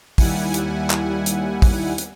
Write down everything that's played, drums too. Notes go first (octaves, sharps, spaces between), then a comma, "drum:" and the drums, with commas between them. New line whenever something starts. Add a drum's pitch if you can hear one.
D#2 G3 E4 F#5 G#5, drum: kick, open hi-hat
drum: hi-hat
drum: clap
drum: hi-hat
drum: kick, open hi-hat
drum: hi-hat